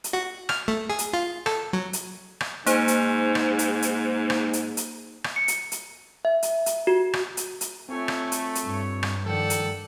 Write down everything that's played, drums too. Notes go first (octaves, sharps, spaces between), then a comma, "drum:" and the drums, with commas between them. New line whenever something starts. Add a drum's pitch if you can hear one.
drum: hi-hat
F#4
F6, drum: rim click
A3
G#4
drum: hi-hat
F4
A4, drum: rim click
F#3
drum: hi-hat
drum: rim click
G#2 A#3 D#4 C5, drum: hi-hat
drum: hi-hat
drum: rim click
drum: hi-hat
drum: hi-hat
drum: rim click
drum: hi-hat
drum: hi-hat
drum: rim click
C#7
drum: hi-hat
drum: hi-hat
E5
drum: hi-hat
drum: hi-hat
F#4
drum: rim click
drum: hi-hat
drum: hi-hat
A3 C4 F4 C#5 G#5
drum: rim click
drum: hi-hat
drum: hi-hat
G2 C#5
drum: rim click
D#3 F3 A4 D5 F#5 G5
drum: hi-hat